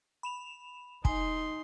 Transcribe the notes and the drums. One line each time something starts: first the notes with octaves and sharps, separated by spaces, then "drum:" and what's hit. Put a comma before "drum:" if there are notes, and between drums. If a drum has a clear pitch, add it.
B5 E7 F7
D#4 G#5 C6, drum: kick